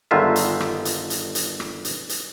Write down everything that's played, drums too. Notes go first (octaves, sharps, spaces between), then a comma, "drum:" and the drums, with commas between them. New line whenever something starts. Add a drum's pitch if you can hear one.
G1 D3 D#3 G#3 F4 E5
drum: hi-hat
drum: rim click
drum: hi-hat
drum: hi-hat
drum: hi-hat
drum: rim click
drum: hi-hat
drum: hi-hat